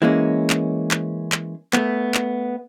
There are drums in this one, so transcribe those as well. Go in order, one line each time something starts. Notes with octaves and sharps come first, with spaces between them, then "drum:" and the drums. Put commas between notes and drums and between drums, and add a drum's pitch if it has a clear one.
E3 G#3 A#3 C#4
drum: clap
drum: clap
drum: clap
A3 B3, drum: clap
drum: clap